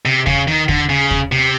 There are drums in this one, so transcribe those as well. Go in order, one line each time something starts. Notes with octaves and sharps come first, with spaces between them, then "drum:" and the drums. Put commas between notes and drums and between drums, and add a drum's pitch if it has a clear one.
C3
C#3, drum: kick
D#3
D3, drum: kick
C#3
drum: kick
C3